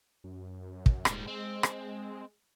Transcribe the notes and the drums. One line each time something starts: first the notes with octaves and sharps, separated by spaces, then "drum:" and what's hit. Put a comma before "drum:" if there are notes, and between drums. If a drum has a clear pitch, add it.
F#2
drum: kick
D#1 G#2 G3, drum: rim click
G#3 C4
drum: rim click